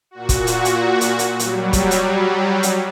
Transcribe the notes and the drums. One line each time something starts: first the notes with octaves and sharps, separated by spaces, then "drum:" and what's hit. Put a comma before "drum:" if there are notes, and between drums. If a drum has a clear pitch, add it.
A#2 F#4
drum: kick, hi-hat
drum: hi-hat
drum: hi-hat
drum: hi-hat
drum: hi-hat
F#3 G3, drum: hi-hat
drum: kick, hi-hat
drum: hi-hat
drum: hi-hat